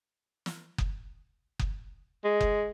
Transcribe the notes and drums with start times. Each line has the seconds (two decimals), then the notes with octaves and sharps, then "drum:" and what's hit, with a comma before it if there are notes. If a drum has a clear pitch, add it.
0.46 drum: snare
0.78 drum: kick F#1
1.59 drum: kick F#1
2.24 G#3
2.41 drum: kick F#1